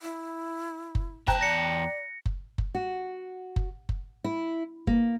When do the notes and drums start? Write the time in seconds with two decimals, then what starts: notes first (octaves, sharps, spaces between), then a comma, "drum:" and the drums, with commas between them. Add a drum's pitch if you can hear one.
0.02 E4
0.95 drum: kick F#1
1.28 E2 C5 G5 A5 A#5 F#6, drum: kick F#1
1.41 D5 A#6 C#7
2.26 drum: kick F#1
2.58 drum: kick F#1
2.75 F#4
3.56 drum: kick F#1
3.89 drum: kick F#1
4.24 E4
4.87 A#3, drum: kick F#1